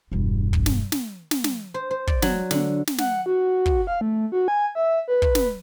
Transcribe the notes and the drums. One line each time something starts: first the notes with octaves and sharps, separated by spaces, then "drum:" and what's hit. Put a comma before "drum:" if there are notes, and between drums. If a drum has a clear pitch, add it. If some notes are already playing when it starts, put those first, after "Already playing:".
E1 G2
drum: kick
drum: snare
drum: snare
drum: snare
drum: snare
C5
C5
D5, drum: kick
F#3, drum: snare
D3, drum: snare
drum: snare
F#5, drum: snare
F#4
drum: kick
F5
A3
F#4
G#5
E5
B4
drum: kick
drum: snare